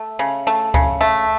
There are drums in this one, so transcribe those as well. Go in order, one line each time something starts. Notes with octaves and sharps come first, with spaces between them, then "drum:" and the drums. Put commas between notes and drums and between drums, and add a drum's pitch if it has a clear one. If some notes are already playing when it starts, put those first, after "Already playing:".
Already playing: A3
C#3
A3
C#3, drum: kick C#2
A3